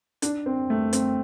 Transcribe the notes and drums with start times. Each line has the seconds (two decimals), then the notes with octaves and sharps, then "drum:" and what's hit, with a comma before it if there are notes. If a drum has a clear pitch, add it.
0.22 D4, drum: hi-hat
0.46 C4
0.70 A3
0.93 C4, drum: hi-hat